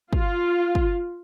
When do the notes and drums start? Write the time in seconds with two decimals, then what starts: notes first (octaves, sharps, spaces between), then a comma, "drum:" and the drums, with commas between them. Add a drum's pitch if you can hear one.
0.13 F4, drum: kick
0.75 drum: kick